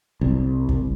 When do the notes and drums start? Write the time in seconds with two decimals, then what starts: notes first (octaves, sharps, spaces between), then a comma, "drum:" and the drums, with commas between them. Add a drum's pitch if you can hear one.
0.21 C2
0.69 drum: kick